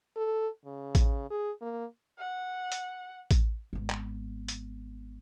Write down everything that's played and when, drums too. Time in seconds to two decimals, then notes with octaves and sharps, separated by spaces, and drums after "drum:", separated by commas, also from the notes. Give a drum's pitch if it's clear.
0.16 A4
0.65 C#3
0.95 drum: kick A1, hi-hat
1.30 G#4
1.61 A#3
2.19 F#5
2.72 drum: hi-hat
3.31 drum: kick A1, hi-hat
3.73 G#1 B3
3.90 drum: clap
4.48 drum: hi-hat